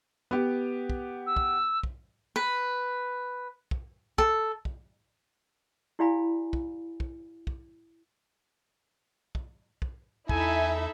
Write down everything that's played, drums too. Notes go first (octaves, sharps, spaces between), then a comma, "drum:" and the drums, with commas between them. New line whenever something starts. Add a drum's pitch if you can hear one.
B3 G4
drum: kick
E6
drum: kick
drum: kick
B4
drum: kick
A4, drum: kick
drum: kick
E4 G4 D5 F5 G#5 B5
drum: kick
drum: kick
drum: kick
drum: kick
drum: kick
E2 D#4 E4 A4 E5 G#5, drum: kick